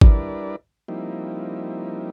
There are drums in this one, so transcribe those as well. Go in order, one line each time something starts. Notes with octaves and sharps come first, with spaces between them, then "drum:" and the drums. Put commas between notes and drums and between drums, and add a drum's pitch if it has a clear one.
G3 D4 E4 A#4 B4 D5, drum: kick G#1
F3 G3 A#3 C4 D#4 E4